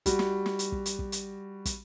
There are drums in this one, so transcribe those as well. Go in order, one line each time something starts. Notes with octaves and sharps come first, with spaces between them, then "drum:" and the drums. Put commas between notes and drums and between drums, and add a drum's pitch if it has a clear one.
G3 F#4, drum: kick, hi-hat
drum: snare
drum: snare
drum: hi-hat
drum: kick
drum: hi-hat
drum: kick
drum: hi-hat
drum: kick, hi-hat